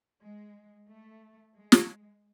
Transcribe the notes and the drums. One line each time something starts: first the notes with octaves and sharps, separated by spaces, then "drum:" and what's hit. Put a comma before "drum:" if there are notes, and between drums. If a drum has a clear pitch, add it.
G#3
A3
G#3
drum: snare